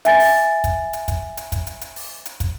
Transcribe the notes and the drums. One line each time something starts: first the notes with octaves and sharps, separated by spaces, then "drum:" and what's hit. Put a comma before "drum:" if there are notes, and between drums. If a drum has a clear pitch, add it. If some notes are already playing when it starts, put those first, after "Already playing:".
E5 G#5 A6, drum: hi-hat
drum: open hi-hat
drum: kick, hi-hat
drum: hi-hat
drum: kick, hi-hat
drum: hi-hat
drum: kick, hi-hat
drum: hi-hat
drum: hi-hat
drum: open hi-hat
drum: hi-hat
drum: kick, hi-hat